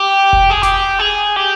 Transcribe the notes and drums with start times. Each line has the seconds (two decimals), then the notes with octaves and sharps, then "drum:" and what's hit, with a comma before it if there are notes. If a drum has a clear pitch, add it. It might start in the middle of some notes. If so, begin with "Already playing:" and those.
Already playing: G4
0.33 drum: kick F1
0.51 G#4
0.63 G4, drum: snare F1
1.00 G#4
1.36 G4